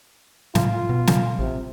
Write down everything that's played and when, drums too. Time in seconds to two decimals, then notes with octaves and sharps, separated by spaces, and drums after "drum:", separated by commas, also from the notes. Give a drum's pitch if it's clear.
0.55 A2 F4, drum: snare
0.89 B2
1.07 drum: snare
1.39 A1 C3